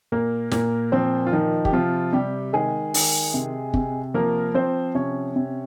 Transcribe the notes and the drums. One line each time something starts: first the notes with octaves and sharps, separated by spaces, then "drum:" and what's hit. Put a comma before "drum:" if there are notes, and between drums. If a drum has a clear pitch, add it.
A#2 A#3 A#4
A#2 A#3 A#4, drum: snare
F3 C4 C5
F4
D#3 F3 D#4
G4, drum: kick
C3 F3 F4
C3 G3 G4
D#3 G#3 G#4
D#3, drum: open hi-hat
C3
C3, drum: kick
F3 A#3 A#4
F3 C4 C5
C3 C#4 C#5
C3